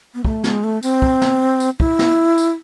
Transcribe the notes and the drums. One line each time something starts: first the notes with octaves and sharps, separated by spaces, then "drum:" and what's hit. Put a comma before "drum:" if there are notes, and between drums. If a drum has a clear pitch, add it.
B3
A3, drum: kick
G#3, drum: snare
A3
C4, drum: tambourine
drum: kick
drum: snare
drum: tambourine
E4, drum: kick
drum: snare
drum: tambourine